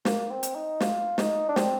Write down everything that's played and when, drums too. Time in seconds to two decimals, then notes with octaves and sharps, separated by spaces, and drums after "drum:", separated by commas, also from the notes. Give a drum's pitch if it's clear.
0.05 A#3, drum: snare
0.30 C4
0.43 drum: hi-hat
0.55 D#4
0.80 F4, drum: snare
1.18 D#4, drum: snare
1.49 D4
1.56 C4, drum: snare